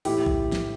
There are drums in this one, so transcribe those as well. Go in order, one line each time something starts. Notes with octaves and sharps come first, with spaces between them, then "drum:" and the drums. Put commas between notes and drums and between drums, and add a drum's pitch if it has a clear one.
A2 E3 E4 G4, drum: open hi-hat
drum: kick A#1
drum: snare